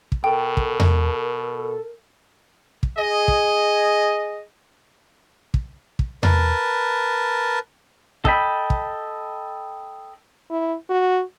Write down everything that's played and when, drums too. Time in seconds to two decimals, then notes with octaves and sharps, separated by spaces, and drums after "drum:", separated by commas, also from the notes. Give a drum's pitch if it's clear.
0.12 drum: kick
0.24 B2 A4 A#4 G5
0.57 drum: kick
0.80 drum: tom E2
2.83 drum: kick
2.98 G#4 D#5
3.28 drum: kick
5.54 drum: kick
5.99 drum: kick
6.23 A#4 B4 A5, drum: tom E2
8.25 A4 D#5 G5 B5, drum: kick
8.70 drum: kick
10.50 E4
10.89 F#4